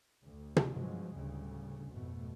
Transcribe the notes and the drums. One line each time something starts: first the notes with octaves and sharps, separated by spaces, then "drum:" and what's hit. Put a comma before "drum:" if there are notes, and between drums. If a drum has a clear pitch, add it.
D2
drum: tom
G2 B2 F3 F#3 G#3
D2 A2 C#3 G3
G#1 F2 B2 A3